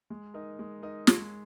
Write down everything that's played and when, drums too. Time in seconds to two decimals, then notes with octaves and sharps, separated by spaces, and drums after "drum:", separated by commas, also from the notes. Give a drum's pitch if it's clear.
0.10 G#3
0.34 D#4 A#4 D#5
0.59 G#3
0.82 D#4 A#4 D#5
1.07 G#3, drum: snare